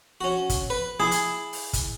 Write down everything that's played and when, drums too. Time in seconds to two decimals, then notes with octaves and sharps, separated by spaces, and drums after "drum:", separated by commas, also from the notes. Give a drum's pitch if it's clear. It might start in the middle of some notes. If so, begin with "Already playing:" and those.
0.21 C#4 F#4
0.50 drum: kick, hi-hat
0.70 B4
1.00 E4 G#4 A5 D6
1.11 drum: hi-hat
1.53 drum: open hi-hat
1.73 drum: kick, hi-hat